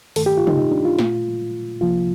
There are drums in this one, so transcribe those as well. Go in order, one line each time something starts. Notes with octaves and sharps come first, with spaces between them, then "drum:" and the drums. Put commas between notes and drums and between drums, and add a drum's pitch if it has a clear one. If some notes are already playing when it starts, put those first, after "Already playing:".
G2 D#3 A3 A4, drum: open hi-hat
G4
F4
D#4, drum: tom C3
D#4
D4
F4
A#2 A3, drum: snare
C2 C3 F3 A#3 F4